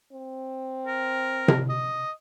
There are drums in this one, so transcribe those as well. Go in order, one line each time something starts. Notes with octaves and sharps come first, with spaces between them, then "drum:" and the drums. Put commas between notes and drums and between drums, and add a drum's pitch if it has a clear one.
C4
A#4
drum: tom C3
D#5